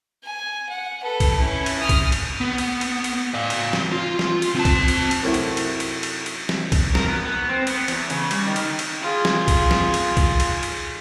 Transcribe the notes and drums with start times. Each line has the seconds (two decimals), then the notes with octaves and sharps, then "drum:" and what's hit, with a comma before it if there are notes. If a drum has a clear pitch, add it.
0.24 G#5
0.69 F#5
1.02 A4 B4
1.20 drum: kick B1, cymbal
1.38 C#4 E4
1.66 drum: cymbal
1.80 D#6 F6
1.89 drum: kick B1, cymbal
2.12 drum: cymbal
2.41 B3
2.58 drum: cymbal
2.81 drum: cymbal
3.04 drum: cymbal
3.34 D5 F5
3.50 drum: cymbal
3.73 drum: snare
3.92 F4
4.19 drum: snare
4.42 drum: cymbal
4.55 C4 A5
4.65 drum: kick B1, cymbal
4.88 drum: cymbal
5.11 drum: cymbal
5.23 F#2 C3 A3 E4
5.34 drum: cymbal
5.57 drum: cymbal
5.80 drum: cymbal
6.03 drum: cymbal
6.26 drum: cymbal
6.49 drum: snare
6.72 drum: kick B1, cymbal
6.95 A#4, drum: snare
7.08 B3
7.25 B3
7.49 C4
7.67 B3, drum: cymbal
7.88 E2, drum: cymbal
8.10 C#3, drum: cymbal
8.31 G3, drum: cymbal
8.46 D#3
8.56 drum: cymbal
8.79 drum: cymbal
9.02 F4 G#4
9.25 drum: snare
9.48 drum: kick B1, cymbal
9.71 drum: snare
9.94 drum: cymbal
10.17 drum: kick B1, cymbal
10.40 drum: cymbal
10.63 drum: cymbal